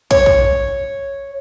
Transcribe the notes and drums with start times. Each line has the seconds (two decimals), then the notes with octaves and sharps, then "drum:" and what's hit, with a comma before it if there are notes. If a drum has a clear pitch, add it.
0.11 C#5, drum: kick
0.26 drum: kick